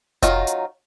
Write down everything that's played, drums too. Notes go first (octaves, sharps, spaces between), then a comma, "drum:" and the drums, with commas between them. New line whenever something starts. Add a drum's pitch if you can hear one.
D#3 F#3 D#4 F4, drum: kick F1, hi-hat
drum: hi-hat